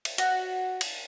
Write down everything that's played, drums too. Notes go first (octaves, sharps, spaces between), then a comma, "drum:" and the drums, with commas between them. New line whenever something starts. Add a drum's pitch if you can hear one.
drum: cymbal
F#4, drum: hi-hat
drum: cymbal